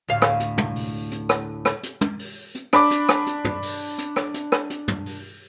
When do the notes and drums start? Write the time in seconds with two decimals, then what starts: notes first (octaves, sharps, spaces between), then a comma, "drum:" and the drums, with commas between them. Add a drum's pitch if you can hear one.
0.08 D2 A2 F5
0.22 drum: rim click
0.40 drum: hi-hat
0.58 drum: tom
0.76 drum: open hi-hat
1.11 drum: hi-hat
1.29 drum: rim click
1.65 drum: rim click
1.83 drum: hi-hat
2.01 drum: tom
2.19 drum: open hi-hat
2.55 drum: hi-hat
2.73 D4 B5 D6, drum: rim click
2.91 drum: hi-hat
3.09 drum: rim click
3.27 drum: hi-hat
3.44 drum: tom
3.62 drum: open hi-hat
3.98 drum: hi-hat
4.16 drum: rim click
4.34 drum: hi-hat
4.52 drum: rim click
4.70 drum: hi-hat
4.88 drum: tom
5.06 drum: open hi-hat